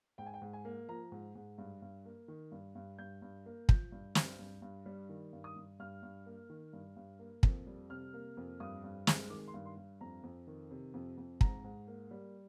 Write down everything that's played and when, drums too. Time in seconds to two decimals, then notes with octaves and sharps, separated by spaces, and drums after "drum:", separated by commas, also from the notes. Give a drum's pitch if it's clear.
0.18 G#2 G5
0.26 G#5
0.34 G5
0.42 G#2
0.53 G#5
0.65 A#3
0.88 F3 A#5
1.12 G#2
1.35 G#2
1.58 G2
1.82 G2
2.05 A#3
2.28 D#3
2.52 G2
2.75 G2
2.99 G2 G6
3.22 G2
3.46 A#3
3.69 F3 G6, drum: kick
3.92 G2
4.15 G2, drum: snare
4.39 G2
4.62 G2
4.86 G3
5.09 D#3
5.33 G2
5.44 D#6
5.56 G2
5.80 G2 F6
6.03 G2
6.26 A#3
6.50 D#3
6.73 G2
6.96 G2
7.19 A#3
7.43 F2, drum: kick
7.67 G3
7.90 C3 F6
8.13 A#3
8.37 F2
8.60 G2 D#6
8.84 G2
9.07 G#3, drum: snare
9.30 D#3 D6
9.48 C6
9.54 G2
9.66 C6
9.77 G2
10.01 F2 A#5
10.23 F2
10.47 D#3
10.71 C3
10.94 F2
11.17 F2
11.41 G#2 A#5, drum: kick
11.64 G#2
11.87 A#3
12.11 G3